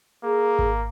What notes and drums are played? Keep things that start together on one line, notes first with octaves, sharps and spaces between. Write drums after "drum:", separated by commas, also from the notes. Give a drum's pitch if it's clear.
A#3 G#4
drum: kick G#1